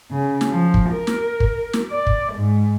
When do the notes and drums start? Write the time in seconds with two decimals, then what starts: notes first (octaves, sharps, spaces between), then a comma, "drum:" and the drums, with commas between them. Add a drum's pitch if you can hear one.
0.11 C#3
0.41 drum: snare
0.51 F3
0.74 drum: kick
0.90 A#4
1.07 drum: snare
1.40 drum: kick
1.73 drum: snare
1.90 D5
2.07 drum: kick
2.33 G#2